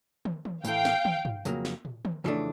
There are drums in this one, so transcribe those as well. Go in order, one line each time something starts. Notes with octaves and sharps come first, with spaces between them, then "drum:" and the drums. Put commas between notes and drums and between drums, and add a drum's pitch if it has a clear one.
drum: tom
drum: tom
A2 E3 A3 F5 G5, drum: tambourine
drum: snare
drum: tom
drum: tom G2
F2 C#3 F#3 A#3, drum: tambourine
drum: snare
drum: tom
drum: tom
F2 C#3 E3 A3 D4